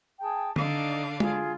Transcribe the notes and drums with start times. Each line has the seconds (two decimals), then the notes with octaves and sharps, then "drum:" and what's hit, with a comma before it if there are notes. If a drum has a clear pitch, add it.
0.19 G#4 G5 A5
0.56 D3 D4 D#4 F5, drum: tom D3
1.20 F4 G#4 B5, drum: tom